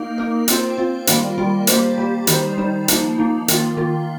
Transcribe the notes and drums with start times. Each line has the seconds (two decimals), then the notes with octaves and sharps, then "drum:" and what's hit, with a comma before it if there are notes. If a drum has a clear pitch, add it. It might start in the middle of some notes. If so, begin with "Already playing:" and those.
Already playing: A#3 D#4 A#4
0.18 A#3 D#4 A#4
0.48 C4 F4 C5, drum: hi-hat
0.78 C4 F4 C5
1.07 D#3 G3 A#3 F4 A#4, drum: hi-hat
1.38 D#3 G3 A#3 F4 A#4
1.67 G3 A#3 G4 C5, drum: hi-hat
1.98 G3 A#3 G4 C5
2.27 D#3 G3 D#4 C5, drum: hi-hat
2.57 D#3 G3 D#4 C5
2.88 F3 A#3 D#4, drum: hi-hat
3.18 F3 A#3 D#4
3.48 D#3 A#3 F4, drum: hi-hat
3.77 D#3 A#3 F4